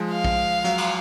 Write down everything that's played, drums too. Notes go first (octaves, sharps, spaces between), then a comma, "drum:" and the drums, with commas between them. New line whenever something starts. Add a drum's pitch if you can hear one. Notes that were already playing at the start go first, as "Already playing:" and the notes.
Already playing: F3 G#3
F5
drum: kick
F#3, drum: hi-hat
drum: cymbal